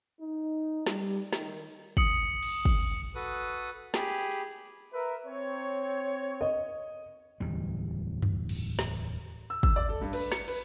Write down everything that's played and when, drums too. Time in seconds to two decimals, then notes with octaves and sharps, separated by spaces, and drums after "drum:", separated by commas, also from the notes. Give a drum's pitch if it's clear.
0.19 D#4
0.86 G3, drum: snare
1.33 D#3, drum: snare
1.97 D#6 C#7 F#7, drum: kick
2.43 drum: cymbal
2.65 drum: kick
3.15 F#4 A4 B4 D#6
3.94 G4 G#4 B5, drum: snare
4.32 drum: hi-hat
4.93 A#4 B4 E5
5.26 C4 C#5
6.41 D#5
7.40 D1 E2 G3
8.22 drum: tom F#2
8.49 drum: cymbal
8.79 drum: snare
9.50 E6
9.63 E6, drum: kick
9.76 D5
9.89 A4
10.01 G2
10.13 B4, drum: cymbal
10.32 C#7, drum: snare
10.48 B4, drum: cymbal